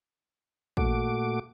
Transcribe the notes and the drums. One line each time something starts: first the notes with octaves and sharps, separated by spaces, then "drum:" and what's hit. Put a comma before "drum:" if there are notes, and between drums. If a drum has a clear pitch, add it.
A#2 A3 F#4 D6, drum: kick A1